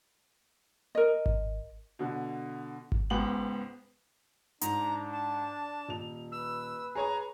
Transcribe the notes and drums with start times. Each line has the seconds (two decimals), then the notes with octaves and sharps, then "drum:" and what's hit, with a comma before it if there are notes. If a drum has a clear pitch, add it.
0.95 A#4 D#5
1.26 drum: kick G#1
1.99 B2 D3
2.92 drum: kick G#1
3.10 C#2 G#2 B3 G5 F#7
4.61 G#2 D4 A#5, drum: hi-hat
5.12 A5
5.89 D#1 F7
6.32 B4 E6
6.95 G#4 C#5 G#5 A#5